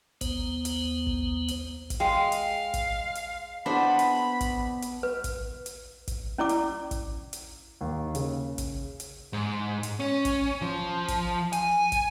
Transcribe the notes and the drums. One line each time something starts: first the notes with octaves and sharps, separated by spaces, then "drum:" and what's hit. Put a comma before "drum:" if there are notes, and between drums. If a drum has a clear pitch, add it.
D#2 B3 C5, drum: kick, hi-hat
drum: hi-hat
drum: kick
drum: hi-hat
drum: kick, hi-hat
G#3 F5 G5 C6
drum: hi-hat
drum: kick, hi-hat
drum: hi-hat
B3 D4 E4 G#4 C5 B5 D#6
drum: hi-hat
drum: kick, hi-hat
drum: hi-hat
B4
drum: kick, hi-hat
drum: hi-hat
drum: kick, hi-hat
C#4 E4 D5 D6
drum: hi-hat
drum: kick, hi-hat
drum: hi-hat
D#2
C#3, drum: hi-hat
drum: kick, hi-hat
drum: hi-hat
G#2
drum: hi-hat
C#4
drum: kick, hi-hat
F3
drum: kick, hi-hat
G#5, drum: hi-hat
drum: kick, hi-hat